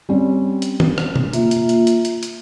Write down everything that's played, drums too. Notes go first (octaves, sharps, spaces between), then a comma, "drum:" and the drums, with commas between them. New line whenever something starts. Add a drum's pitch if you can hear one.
G3 C4 C#4
drum: hi-hat
drum: tom D#3
drum: rim click
drum: tom B2
A#3 F4 E5, drum: hi-hat
drum: hi-hat
drum: hi-hat
drum: hi-hat
drum: hi-hat
drum: hi-hat